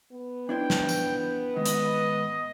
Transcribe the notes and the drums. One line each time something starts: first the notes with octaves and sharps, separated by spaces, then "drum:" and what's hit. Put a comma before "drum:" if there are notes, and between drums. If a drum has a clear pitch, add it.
B3
D4 E4 C5 G5
drum: snare
drum: tambourine
G#2 D#3 D#5
drum: hi-hat